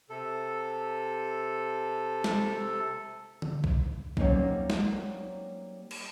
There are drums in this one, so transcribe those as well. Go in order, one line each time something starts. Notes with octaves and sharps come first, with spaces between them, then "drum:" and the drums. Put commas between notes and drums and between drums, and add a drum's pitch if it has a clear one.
C3 A4
drum: snare
drum: tom D3
drum: kick A#1
F#3 G3 A#3 C4 C#4 D#4, drum: kick A#1
drum: snare
drum: cymbal